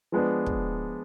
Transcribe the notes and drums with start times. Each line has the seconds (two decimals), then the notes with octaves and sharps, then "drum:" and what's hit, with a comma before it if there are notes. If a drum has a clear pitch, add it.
0.12 F3 G#3 B3 D4
0.46 drum: kick